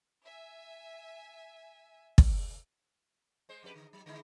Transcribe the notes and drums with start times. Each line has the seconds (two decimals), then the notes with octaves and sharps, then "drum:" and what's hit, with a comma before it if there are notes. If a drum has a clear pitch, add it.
0.26 E5 G#5
2.18 drum: kick
3.49 G#3 C5
3.63 F2 G4 B4
3.76 D3
3.93 F#3
4.06 D3 G#3 E4